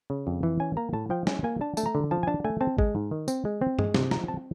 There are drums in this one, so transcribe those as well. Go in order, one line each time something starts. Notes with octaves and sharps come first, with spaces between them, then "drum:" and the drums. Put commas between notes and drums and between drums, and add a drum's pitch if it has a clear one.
C#3
F2
E3
C#4 G#5
A#3 A#5
A2 A5
F3 G5
C#4 G#5, drum: snare
A#3 G#5
D4 A5
A3 A5, drum: tambourine
A#5
D3
F3 A5
G#5
D4 A5
A3 G#5
C4 A5
G#3, drum: kick
G#2
D#3
C4, drum: tambourine
G#3
C4
G#3, drum: tom G2
C3, drum: snare
F3 A#5, drum: snare
C4 A5